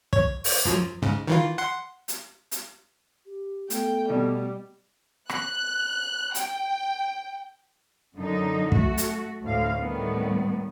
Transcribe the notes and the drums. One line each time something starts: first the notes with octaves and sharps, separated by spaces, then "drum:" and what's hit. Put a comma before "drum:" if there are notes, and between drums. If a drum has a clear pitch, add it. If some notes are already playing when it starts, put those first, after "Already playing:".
C#5, drum: kick
drum: open hi-hat
F#2 F3 F#3
G#2 C#3
D#3 E3 F4
F#5 C6
drum: hi-hat
drum: hi-hat
G4
A3 B3 G5, drum: hi-hat
B2 G3
F#6, drum: rim click
G5, drum: hi-hat
F#2 D3 D#4
A3 F#4, drum: kick
drum: hi-hat
D2 A2 D3 F5
A2 D#3 G3 A3 B3